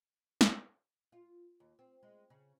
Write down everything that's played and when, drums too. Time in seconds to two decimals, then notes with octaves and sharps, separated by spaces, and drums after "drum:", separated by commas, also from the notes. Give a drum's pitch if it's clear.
0.41 drum: snare
1.12 F4
1.60 D#2
1.79 C4
2.03 G#3
2.30 C#3